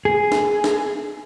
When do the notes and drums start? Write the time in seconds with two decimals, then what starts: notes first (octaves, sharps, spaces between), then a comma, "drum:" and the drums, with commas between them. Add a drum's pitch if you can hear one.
0.05 G#4
0.32 drum: snare
0.64 drum: snare